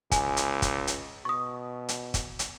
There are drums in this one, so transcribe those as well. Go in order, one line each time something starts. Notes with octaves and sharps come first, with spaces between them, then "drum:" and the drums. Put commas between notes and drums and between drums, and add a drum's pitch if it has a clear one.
C#2 G#5, drum: kick, hi-hat
drum: hi-hat
drum: kick, hi-hat
drum: hi-hat
B2 C#6 D#6
drum: hi-hat
drum: kick, hi-hat
drum: hi-hat